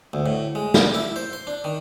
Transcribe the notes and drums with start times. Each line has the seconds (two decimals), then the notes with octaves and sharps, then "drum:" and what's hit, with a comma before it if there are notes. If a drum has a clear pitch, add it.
0.13 D2
0.26 A2
0.55 G#3
0.74 D6, drum: snare
0.94 E4
1.16 C5
1.33 C6
1.47 D4
1.64 D#3